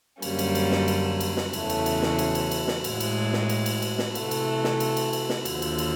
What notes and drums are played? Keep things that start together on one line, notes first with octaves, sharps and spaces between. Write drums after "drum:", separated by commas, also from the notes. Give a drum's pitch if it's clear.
F#2 D3 G3 A#3 C#4, drum: cymbal
drum: cymbal
drum: cymbal
drum: snare
drum: cymbal
drum: cymbal
drum: snare
E2 C#3 E3 A3 C#4, drum: cymbal
drum: cymbal
drum: cymbal
drum: snare
drum: cymbal
drum: cymbal
drum: cymbal
drum: snare
A2 E3 G#3, drum: cymbal
drum: cymbal
drum: snare
drum: cymbal
drum: cymbal
drum: cymbal
drum: snare
C3 E3 A3, drum: cymbal
drum: cymbal
drum: snare
drum: cymbal
drum: cymbal
drum: cymbal
drum: snare
D#2 D3 F3, drum: cymbal
drum: cymbal
drum: cymbal